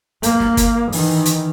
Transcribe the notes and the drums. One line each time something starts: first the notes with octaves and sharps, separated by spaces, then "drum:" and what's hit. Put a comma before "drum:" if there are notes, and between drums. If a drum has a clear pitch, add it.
A#3, drum: hi-hat
drum: snare
drum: kick G1, hi-hat
D#3 E3, drum: open hi-hat
drum: hi-hat